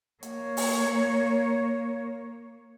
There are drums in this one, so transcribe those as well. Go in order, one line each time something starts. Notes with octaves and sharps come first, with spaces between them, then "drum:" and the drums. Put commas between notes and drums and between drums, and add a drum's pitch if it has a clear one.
A#3 C#5, drum: hi-hat
drum: open hi-hat